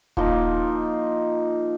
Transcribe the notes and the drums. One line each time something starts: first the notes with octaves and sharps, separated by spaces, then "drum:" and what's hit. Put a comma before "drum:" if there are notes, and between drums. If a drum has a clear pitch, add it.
F3 A#3 D#4, drum: kick D#1